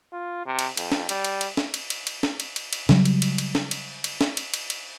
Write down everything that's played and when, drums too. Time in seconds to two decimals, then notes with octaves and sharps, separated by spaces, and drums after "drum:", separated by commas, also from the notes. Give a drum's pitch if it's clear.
0.13 F4
0.46 C3
0.59 drum: cymbal
0.77 F2, drum: cymbal
0.92 drum: snare
1.09 G3, drum: cymbal
1.24 drum: cymbal
1.41 drum: cymbal
1.57 drum: snare
1.74 drum: cymbal
1.90 drum: cymbal
2.07 drum: cymbal
2.23 drum: snare
2.40 drum: cymbal
2.56 drum: cymbal
2.73 drum: cymbal
2.89 C#3 F#3 G3, drum: snare
3.05 drum: cymbal
3.22 drum: cymbal
3.38 drum: cymbal
3.55 drum: snare
3.71 drum: cymbal
4.04 drum: cymbal
4.21 drum: snare
4.37 drum: cymbal
4.54 drum: cymbal
4.70 drum: cymbal